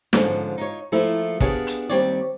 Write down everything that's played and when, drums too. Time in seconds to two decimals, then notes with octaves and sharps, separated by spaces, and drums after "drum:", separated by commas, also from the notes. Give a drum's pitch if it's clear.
0.13 G#2 D3 F3 G#3 C#4, drum: snare
0.58 D#4 F4 C#5
0.92 F3 A3 A#3 E4 F4
1.40 B3 D4 G4 G#4 C#5 F5, drum: kick
1.67 drum: hi-hat
1.89 D#2 A#2 G3 C4 C#5 D5